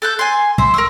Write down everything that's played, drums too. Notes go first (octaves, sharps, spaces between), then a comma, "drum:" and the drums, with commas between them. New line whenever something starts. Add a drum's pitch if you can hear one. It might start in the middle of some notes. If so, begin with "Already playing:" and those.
A4 F#6 G6
G#5 C6
C5 E5, drum: kick
A#4 C#6 E6